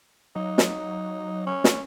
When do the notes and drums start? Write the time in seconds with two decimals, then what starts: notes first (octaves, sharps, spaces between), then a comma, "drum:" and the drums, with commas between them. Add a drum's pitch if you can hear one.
0.35 F#3 D#4
0.58 drum: snare
1.47 C#4
1.64 drum: snare